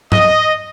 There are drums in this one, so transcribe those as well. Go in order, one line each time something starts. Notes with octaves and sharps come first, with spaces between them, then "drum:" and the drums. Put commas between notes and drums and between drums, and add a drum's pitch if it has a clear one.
D#5, drum: tom G#2